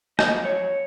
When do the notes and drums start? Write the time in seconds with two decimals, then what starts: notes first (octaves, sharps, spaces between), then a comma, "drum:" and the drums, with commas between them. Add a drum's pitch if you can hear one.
0.19 F#2 F3 D#5, drum: rim click
0.45 C#5